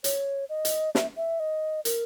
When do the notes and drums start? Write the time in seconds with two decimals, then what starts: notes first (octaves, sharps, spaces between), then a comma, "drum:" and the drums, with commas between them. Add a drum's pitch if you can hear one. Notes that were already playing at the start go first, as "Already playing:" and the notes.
0.04 C#5, drum: hi-hat
0.49 D#5
0.65 drum: hi-hat
0.95 E5, drum: snare
1.17 E5
1.40 D#5
1.85 A#4, drum: hi-hat